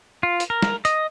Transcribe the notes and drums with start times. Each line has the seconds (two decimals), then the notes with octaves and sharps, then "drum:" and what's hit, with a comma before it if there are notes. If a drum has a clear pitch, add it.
0.23 F4
0.40 drum: hi-hat
0.50 A#4
0.63 drum: snare
0.85 D#5, drum: hi-hat